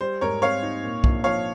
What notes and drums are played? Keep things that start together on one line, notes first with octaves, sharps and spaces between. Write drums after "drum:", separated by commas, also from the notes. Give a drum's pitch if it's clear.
G3 C5
G#2 A#4 C#5
C4 C#5 F5
D#4
A#2
A#1, drum: kick B1
F3 C#5 F5